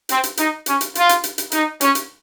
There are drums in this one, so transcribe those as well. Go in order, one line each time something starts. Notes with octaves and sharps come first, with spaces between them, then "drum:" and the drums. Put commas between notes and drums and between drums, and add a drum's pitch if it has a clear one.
C4, drum: hi-hat
drum: hi-hat
D#4, drum: hi-hat
C#4, drum: hi-hat
drum: hi-hat
F4, drum: hi-hat
drum: hi-hat
drum: hi-hat
drum: hi-hat
D#4, drum: hi-hat
C#4, drum: hi-hat
drum: hi-hat